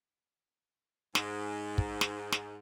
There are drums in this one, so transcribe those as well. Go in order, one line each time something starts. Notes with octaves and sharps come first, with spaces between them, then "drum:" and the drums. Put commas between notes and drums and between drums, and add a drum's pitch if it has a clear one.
G#2, drum: snare
drum: kick
drum: snare
drum: snare